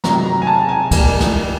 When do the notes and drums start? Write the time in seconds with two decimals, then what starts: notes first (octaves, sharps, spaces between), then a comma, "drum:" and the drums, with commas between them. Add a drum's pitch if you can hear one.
0.04 C3 D#3 F#3 A#5, drum: snare
0.26 A#5
0.42 G#5
0.47 A5
0.69 G#5
0.91 D#3 G3 A#3, drum: kick C#2, cymbal
1.20 drum: snare